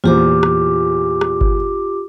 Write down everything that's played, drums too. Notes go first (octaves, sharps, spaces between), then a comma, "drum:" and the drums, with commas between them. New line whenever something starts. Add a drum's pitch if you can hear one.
E2 A#2 F4 G4 C5 D6
drum: rim click
drum: rim click
drum: kick G1